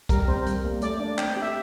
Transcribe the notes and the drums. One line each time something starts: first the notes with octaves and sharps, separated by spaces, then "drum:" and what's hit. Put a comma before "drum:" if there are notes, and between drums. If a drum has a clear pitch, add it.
G3 A#4, drum: kick B1, hi-hat
A#4
C4 C5
G3, drum: hi-hat
A#3
A3 D5, drum: hi-hat
D4
C4 G5, drum: clap
G4
E5